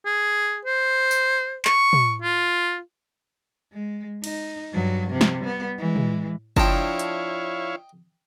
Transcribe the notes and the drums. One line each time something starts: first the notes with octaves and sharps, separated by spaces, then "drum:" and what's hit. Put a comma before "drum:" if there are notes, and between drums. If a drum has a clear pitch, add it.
G#4
C5
drum: tambourine
C#6, drum: clap
drum: tom
F4
G#3
D#4, drum: cymbal
G2 F#3
C3 F3
drum: snare
G3 B3
E3 G#3
drum: tom
F3 D4 E4 C#5 D#5 F5 G5 A5, drum: kick F#1
drum: hi-hat